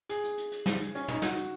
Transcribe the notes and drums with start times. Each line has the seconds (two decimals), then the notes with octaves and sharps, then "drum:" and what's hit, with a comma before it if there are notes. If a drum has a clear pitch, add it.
0.09 G#4, drum: hi-hat
0.24 drum: hi-hat
0.38 drum: hi-hat
0.52 drum: hi-hat
0.66 drum: snare
0.80 drum: hi-hat
0.95 C#4, drum: hi-hat
1.08 D#4, drum: tom
1.22 F#4, drum: snare
1.36 drum: hi-hat